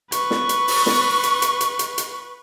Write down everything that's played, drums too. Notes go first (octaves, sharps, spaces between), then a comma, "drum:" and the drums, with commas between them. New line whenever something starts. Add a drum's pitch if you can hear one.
B4 C#6, drum: hi-hat
drum: snare
drum: hi-hat
drum: open hi-hat
drum: snare
drum: hi-hat
drum: hi-hat
drum: hi-hat
drum: hi-hat
drum: hi-hat